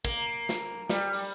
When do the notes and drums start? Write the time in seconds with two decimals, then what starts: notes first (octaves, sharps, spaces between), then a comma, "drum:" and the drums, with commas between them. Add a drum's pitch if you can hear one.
0.05 A#3, drum: kick
0.49 drum: snare
0.89 G3, drum: snare
1.13 drum: open hi-hat